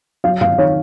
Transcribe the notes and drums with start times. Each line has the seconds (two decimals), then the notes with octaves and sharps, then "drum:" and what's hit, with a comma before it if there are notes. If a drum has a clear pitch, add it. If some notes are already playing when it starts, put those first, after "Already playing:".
0.24 F#3 F5
0.41 F5, drum: tom G2
0.58 D#3 C#5